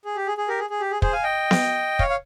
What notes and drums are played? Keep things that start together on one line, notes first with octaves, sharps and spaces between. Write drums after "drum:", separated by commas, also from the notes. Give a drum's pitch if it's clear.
G#4
G4
G#4
G#4
G4 A#4
G#4
G#4
G4
G#4
G#4 C5, drum: kick
F5 G#5
D#5 G5
drum: snare B3
C#5 F5, drum: kick
F5